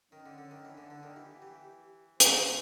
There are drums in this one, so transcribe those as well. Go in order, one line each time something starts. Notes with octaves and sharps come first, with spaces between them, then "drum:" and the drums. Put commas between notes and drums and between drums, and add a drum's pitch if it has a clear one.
D#3 C#4
D3
D3
D#3
E3 D4
D3
D3
D#3
E3 G4
E3
F3 C5, drum: hi-hat